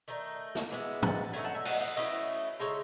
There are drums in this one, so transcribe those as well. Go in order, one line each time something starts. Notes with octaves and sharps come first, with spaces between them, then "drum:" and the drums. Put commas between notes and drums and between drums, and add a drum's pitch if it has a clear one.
D#3 A3 D#4
drum: snare
E3 G#3 B3 E4
F#5 A5, drum: tom
A5
F#3 A3 D#4 E5 G#5
F#5 A5
E5 G#5
D#5 F#5, drum: cymbal
D#5 F#5
F#3 A3 C#4 E4 B4 D#5
C#3 G#3 D#4 A4 C#5